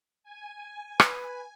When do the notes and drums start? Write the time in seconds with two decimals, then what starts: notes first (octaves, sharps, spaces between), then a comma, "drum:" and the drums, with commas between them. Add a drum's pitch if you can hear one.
0.23 G#5
1.00 B4, drum: rim click